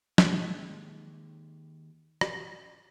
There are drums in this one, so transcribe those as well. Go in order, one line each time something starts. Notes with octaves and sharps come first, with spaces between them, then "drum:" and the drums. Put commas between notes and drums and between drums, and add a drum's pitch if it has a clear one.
D#2 G#3, drum: snare
drum: rim click